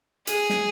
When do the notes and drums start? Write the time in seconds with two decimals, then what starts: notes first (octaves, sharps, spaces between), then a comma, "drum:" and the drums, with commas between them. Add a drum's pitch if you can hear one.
0.27 G#4, drum: hi-hat
0.50 drum: snare